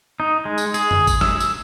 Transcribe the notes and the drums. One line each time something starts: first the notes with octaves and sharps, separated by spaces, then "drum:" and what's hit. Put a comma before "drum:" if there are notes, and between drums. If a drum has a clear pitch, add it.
D#4
G#3
drum: tambourine
G#4, drum: tambourine
drum: tom F2
drum: kick G#1, tambourine
E6, drum: snare
drum: tambourine